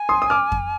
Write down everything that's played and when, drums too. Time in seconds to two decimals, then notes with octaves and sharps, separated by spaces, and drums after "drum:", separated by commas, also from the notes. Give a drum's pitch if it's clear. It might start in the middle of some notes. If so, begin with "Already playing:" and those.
Already playing: G#5
0.09 C6 D#6
0.22 D#6
0.30 D6 F6
0.52 drum: kick F2